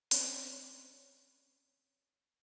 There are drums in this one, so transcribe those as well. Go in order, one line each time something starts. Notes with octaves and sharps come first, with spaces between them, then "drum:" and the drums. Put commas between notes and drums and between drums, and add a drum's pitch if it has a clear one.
C4 C#4 C#5 D5, drum: open hi-hat